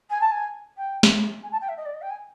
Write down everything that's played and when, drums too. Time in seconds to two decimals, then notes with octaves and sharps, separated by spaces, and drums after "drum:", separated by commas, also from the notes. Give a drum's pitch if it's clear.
0.10 G#5
0.20 A5
0.31 G#5
0.77 G5
1.03 drum: snare
1.43 G#5
1.51 A5
1.60 G5
1.68 E5
1.77 D#5
1.85 D5
1.93 D#5
2.01 G5
2.10 G#5